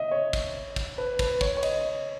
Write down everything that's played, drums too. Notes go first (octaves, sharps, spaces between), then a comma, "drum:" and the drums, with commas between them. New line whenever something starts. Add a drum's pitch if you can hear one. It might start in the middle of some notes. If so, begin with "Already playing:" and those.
Already playing: D#5 E5
C#5
drum: kick, cymbal
drum: kick, cymbal
B4
B4, drum: kick, cymbal
C#5, drum: kick
C#5
D#5, drum: cymbal